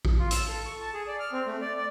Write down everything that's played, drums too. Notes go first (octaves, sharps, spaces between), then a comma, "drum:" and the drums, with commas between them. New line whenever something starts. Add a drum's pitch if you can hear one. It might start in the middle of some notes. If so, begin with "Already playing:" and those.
drum: kick A1
F4
E6, drum: hi-hat
A4
C#6
A5
G#4
D5
F6
C4
A3
D5
D5